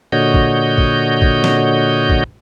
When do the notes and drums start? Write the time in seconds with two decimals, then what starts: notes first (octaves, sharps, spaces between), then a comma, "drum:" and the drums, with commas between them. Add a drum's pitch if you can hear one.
0.12 A#2 D3 F#4 C#5 D#5 G6
0.34 drum: kick
0.78 drum: kick
1.22 drum: kick
1.44 drum: snare
2.10 drum: kick